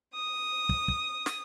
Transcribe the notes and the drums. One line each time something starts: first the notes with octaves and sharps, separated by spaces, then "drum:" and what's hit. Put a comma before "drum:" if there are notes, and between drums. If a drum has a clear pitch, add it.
D#6
drum: kick
drum: kick
drum: snare